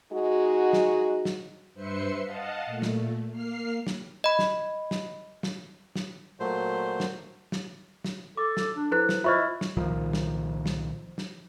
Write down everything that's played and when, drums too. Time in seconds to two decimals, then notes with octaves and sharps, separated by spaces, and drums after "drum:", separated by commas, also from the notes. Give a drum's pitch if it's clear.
0.11 G#3 D#4 F#4
0.73 drum: snare
1.25 drum: snare
1.74 G2 B4 C5 E5 C6 C#7
2.23 D#5 F5 F#5 A5
2.66 A#2 A3
2.82 drum: snare
3.30 A#3 F6 C7
3.87 drum: snare
4.24 D#5 B5
4.39 drum: snare
4.91 drum: snare
5.43 drum: snare
5.96 drum: snare
6.40 A#2 F#3 A3 C5
7.00 drum: snare
7.52 drum: snare
8.04 drum: snare
8.37 A4 D6
8.57 drum: snare
8.76 D4
8.92 F3 E4 A4 B4 F#6
9.09 drum: snare
9.24 E4 F4 C5 D#5 E5 C#6 F6
9.61 drum: snare
9.77 C2 A#2 D#3 F3
10.13 drum: snare
10.66 drum: snare
11.18 drum: snare